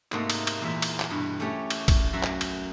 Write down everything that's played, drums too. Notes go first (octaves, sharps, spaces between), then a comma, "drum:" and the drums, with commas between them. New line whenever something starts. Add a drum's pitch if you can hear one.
G#2 C3 A3 A#3 D#4 F#4, drum: clap
drum: cymbal
drum: cymbal
E2 A#2 G#3 E5
drum: cymbal
drum: clap
G2 B2
A3 C#4 G4 C#5
drum: cymbal
drum: kick, cymbal
F#2 F#4 E5
drum: clap
drum: cymbal